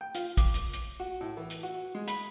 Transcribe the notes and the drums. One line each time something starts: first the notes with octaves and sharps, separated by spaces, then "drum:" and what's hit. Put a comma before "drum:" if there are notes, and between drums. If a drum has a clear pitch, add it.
G5
F4, drum: hi-hat
D6, drum: kick, hi-hat
drum: hi-hat
drum: hi-hat
F#4
A2
E3
drum: hi-hat
F#4
G#3
B5, drum: hi-hat